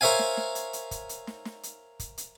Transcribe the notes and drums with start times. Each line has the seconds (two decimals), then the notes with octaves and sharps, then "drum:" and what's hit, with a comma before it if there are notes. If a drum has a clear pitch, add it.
0.01 A#4 C5 C#5 E5 F5 G#5
0.19 drum: snare
0.37 drum: snare
0.55 drum: hi-hat
0.73 drum: hi-hat
0.91 drum: kick, hi-hat
1.09 drum: hi-hat
1.27 drum: snare
1.45 drum: snare
1.63 drum: hi-hat
1.99 drum: kick, hi-hat
2.18 drum: hi-hat